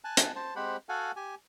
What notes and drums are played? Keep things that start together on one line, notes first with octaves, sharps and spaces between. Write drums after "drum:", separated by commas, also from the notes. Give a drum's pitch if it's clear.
G#5 A5 F#6
drum: hi-hat
C5 A5
G#3 C4 G4 C5 F#5 B5
F#4 A4 F5 F#5 G#5
G4 G#5